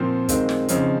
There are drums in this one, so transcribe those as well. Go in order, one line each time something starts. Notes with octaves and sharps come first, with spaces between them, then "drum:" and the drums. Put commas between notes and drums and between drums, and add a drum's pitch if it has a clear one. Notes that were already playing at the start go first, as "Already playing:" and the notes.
Already playing: A#2 F3 C4
D#3 G#3 C4 F4, drum: kick, hi-hat
drum: snare
C#3 F3 C4 D#4, drum: hi-hat